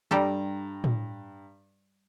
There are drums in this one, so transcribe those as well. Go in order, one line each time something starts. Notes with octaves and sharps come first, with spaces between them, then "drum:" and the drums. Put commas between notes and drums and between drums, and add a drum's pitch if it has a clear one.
G2 G3 G4 A4 A#5
drum: tom A2